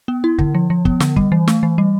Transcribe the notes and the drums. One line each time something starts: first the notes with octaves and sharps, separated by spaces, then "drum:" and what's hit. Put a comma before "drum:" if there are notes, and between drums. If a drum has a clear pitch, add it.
B3
E4
D3, drum: kick
F3
F3
B3, drum: kick
D3, drum: snare
G3, drum: kick
E3
A3, drum: snare
E3
G3